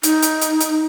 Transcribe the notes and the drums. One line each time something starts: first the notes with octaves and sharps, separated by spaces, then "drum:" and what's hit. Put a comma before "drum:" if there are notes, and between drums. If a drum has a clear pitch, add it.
D#4, drum: hi-hat
drum: hi-hat
drum: hi-hat
drum: hi-hat